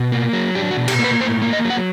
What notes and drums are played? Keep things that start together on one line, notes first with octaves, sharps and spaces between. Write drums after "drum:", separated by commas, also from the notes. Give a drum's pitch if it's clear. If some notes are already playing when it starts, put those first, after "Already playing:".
Already playing: B2
A#3
F#3
D4 G4
F#4
B2
G4, drum: cymbal
A#3
B4
A2 C5
A#3
D#5
F#3
F#5